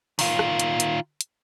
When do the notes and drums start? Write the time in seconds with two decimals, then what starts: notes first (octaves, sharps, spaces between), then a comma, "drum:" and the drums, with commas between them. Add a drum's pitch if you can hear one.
0.19 D#3 F4, drum: open hi-hat
0.39 drum: rim click
0.60 drum: hi-hat
0.80 drum: hi-hat
1.21 drum: hi-hat